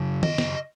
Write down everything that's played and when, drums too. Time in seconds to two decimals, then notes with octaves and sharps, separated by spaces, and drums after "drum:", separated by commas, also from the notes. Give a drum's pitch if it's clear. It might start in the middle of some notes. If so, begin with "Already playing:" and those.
Already playing: F#2 C#3
0.23 D#5, drum: tom D#3
0.38 drum: snare